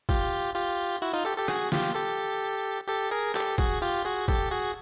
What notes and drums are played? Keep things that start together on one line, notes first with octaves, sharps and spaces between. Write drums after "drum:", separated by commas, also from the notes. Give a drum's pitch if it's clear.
F4 G4, drum: kick
F4 G4
E4 F#4
D#4 F4
G4 A4
G4 A4
F#4 G#4, drum: rim click
F4 G4, drum: snare
G4 A4
G4 A4
G#4 A#4
G4 A4, drum: clap
F#4 G#4, drum: kick
F4 G4
F#4 G#4
G4 A4, drum: kick
F#4 G#4